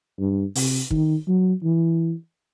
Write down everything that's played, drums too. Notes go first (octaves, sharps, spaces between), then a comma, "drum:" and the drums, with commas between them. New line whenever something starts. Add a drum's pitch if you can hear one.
G2
C3, drum: open hi-hat
D#3, drum: kick
F#3
E3